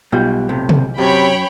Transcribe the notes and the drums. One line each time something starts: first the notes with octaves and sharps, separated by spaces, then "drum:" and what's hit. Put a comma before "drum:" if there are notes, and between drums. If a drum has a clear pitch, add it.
B1 B2 G3 F4 G6
A2 C3
drum: tom C3
F#2 C3 C#5 G5 B5